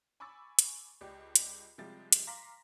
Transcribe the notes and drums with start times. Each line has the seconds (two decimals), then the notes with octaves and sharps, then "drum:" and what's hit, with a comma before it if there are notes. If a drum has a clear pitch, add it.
0.20 G#5 B5 C#6 D6 E6 A6
0.59 drum: hi-hat
1.01 C#2 G4 D5
1.36 drum: hi-hat
1.78 C3 F3 G3 G#3 G4 A6
2.12 drum: hi-hat
2.27 F5 A#5 C6 D6 A#6 B6